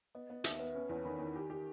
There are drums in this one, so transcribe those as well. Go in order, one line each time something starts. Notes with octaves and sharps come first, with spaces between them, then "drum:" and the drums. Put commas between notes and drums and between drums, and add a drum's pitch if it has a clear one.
B3 D#5
B3
D#2 E5, drum: hi-hat
B3 B4
C#4 B4
E2 C#5
D#3 B5
D#3 G#5
G4
G4